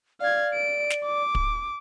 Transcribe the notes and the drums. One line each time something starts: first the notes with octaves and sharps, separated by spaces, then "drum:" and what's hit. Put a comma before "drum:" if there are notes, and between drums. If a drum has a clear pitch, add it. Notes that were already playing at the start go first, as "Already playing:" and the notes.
D5 F5 G#6
D7
drum: snare
D6
drum: kick